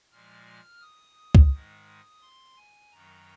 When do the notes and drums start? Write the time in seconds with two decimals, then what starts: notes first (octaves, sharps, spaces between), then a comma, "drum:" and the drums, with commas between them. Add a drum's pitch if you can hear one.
0.11 A#2 F3 G#3 F6
0.46 F6
0.81 D#6
1.35 drum: kick
1.51 G#2 D#3 G#3
2.21 C6
2.57 G#5
2.92 F#2 D#3 F#3 A#5